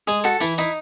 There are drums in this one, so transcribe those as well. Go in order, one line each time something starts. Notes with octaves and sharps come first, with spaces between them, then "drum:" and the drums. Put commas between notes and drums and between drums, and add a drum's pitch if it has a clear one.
G#3 G#4, drum: tambourine
F#4 A4, drum: tambourine
E3 E4, drum: tambourine
D#4 E4, drum: tambourine